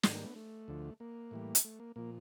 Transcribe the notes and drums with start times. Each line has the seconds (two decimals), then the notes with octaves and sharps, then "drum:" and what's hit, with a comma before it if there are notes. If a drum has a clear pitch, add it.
0.03 G#2 D#3 G3 A3, drum: snare
0.14 A#3
0.24 A3 B3
0.36 A3
0.68 D2 D3 F3
1.00 A#3
1.31 A2 E3 G3
1.55 drum: hi-hat
1.65 A3
1.80 A#3
1.96 A#2 F3 A#3